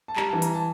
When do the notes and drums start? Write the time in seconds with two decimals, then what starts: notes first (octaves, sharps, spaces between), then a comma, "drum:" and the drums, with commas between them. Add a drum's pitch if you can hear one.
0.08 A5
0.16 G3 A#5, drum: clap
0.29 A5
0.33 E3
0.42 A#5, drum: hi-hat
0.54 A5